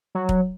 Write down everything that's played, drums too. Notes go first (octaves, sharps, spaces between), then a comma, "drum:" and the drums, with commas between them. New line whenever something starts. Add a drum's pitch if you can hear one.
F#3
drum: kick